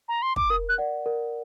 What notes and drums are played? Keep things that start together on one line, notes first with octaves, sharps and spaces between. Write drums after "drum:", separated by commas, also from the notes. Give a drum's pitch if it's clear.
A#5
C6
D6, drum: kick
A#4 D#6
F#6
D5 F#5
A#4